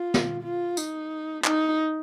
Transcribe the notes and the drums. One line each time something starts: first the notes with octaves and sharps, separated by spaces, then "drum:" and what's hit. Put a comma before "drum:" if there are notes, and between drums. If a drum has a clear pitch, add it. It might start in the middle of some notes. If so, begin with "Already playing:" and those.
Already playing: F4
drum: snare
F4
D#4, drum: tambourine
D#4, drum: clap